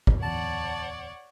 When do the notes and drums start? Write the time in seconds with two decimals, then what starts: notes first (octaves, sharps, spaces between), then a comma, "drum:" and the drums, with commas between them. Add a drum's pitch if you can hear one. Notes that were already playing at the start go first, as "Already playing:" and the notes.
0.07 drum: kick
0.23 D1 E2 C#5 D5 F#5 A5